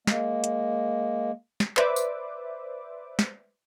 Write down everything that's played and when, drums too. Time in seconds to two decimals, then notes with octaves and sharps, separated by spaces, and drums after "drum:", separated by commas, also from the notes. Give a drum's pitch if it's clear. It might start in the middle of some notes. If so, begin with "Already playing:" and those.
0.07 G#3 A#3, drum: snare
0.44 drum: hi-hat
1.60 drum: snare
1.77 B4 C5 D5 E5 D6, drum: clap
1.96 drum: tambourine
3.19 drum: snare